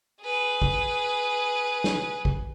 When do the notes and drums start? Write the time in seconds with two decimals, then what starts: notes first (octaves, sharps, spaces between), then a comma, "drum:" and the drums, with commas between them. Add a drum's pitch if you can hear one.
0.21 G#4 B4
0.62 drum: kick
1.84 drum: snare
2.25 drum: kick